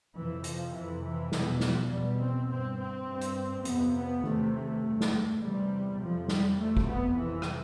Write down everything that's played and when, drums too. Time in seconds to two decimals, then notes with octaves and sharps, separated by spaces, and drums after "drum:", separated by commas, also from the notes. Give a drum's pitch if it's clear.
0.15 F2 C3 E3
0.44 F3, drum: hi-hat
0.73 F2 C3 E3
1.02 E3
1.32 E2 B2, drum: snare
1.60 F3, drum: snare
1.90 E2 B2 G3
2.19 C4
2.48 G2 C4
2.78 C4
3.07 G2
3.21 drum: hi-hat
3.65 F2 C3 B3, drum: hi-hat
3.95 B3
4.24 E2 C3 A3, drum: tom D#3
4.53 A3
4.82 G2
5.01 drum: snare
5.40 E2 C3 G3
5.99 F2 C3 F3
6.28 G3, drum: snare
6.57 F2 C3 A3
6.77 drum: kick
6.87 B3
7.16 F2 C3 E3
7.42 drum: rim click